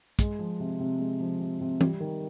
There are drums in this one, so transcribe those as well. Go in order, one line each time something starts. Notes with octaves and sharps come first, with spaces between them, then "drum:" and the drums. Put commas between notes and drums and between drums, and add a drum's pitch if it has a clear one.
G#3, drum: kick, hi-hat
F3
C3
C3
G#3
F3
C3
C3
G3, drum: tom E3
D#3